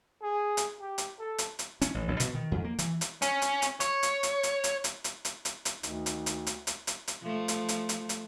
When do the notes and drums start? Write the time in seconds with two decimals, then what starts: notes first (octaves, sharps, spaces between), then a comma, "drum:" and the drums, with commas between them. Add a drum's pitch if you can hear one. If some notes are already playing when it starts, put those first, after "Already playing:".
0.22 G#4
0.57 drum: hi-hat
0.81 G4
0.98 drum: hi-hat
1.20 A4
1.38 drum: hi-hat
1.59 drum: hi-hat
1.82 C#4, drum: hi-hat
1.94 A1
2.08 A1
2.20 B2, drum: hi-hat
2.35 D#3
2.52 F2
2.64 A#3
2.79 E3, drum: hi-hat
3.01 drum: hi-hat
3.22 C#4, drum: hi-hat
3.42 drum: hi-hat
3.62 drum: hi-hat
3.80 C#5, drum: hi-hat
4.03 drum: hi-hat
4.23 drum: hi-hat
4.43 drum: hi-hat
4.64 drum: hi-hat
4.84 drum: hi-hat
5.04 drum: hi-hat
5.25 drum: hi-hat
5.45 drum: hi-hat
5.65 drum: hi-hat
5.83 D2 D#3 D#4, drum: hi-hat
6.06 drum: hi-hat
6.26 drum: hi-hat
6.47 drum: hi-hat
6.67 drum: hi-hat
6.87 drum: hi-hat
7.08 drum: hi-hat
7.23 F3 A3
7.48 drum: hi-hat
7.69 drum: hi-hat
7.89 drum: hi-hat
8.09 drum: hi-hat